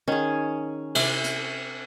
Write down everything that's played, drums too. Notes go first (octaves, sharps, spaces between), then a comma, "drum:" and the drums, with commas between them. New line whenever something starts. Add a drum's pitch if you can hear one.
D#3 C#4 G#4
C3 E4, drum: cymbal
drum: hi-hat